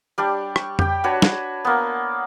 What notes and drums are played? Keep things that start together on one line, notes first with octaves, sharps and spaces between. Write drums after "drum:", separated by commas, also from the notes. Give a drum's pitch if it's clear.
G3 D4 G4
C#6, drum: rim click
G4 G5, drum: tom F2
D4 F#4 B4 C#5
drum: snare
A#3 B3